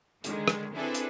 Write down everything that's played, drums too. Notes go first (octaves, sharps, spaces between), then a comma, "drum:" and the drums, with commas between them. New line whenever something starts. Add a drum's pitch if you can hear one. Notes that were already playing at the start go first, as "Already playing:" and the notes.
D3 D#3 G#3, drum: hi-hat
drum: rim click
C4 D4 E4 G#4 A4 B4
drum: hi-hat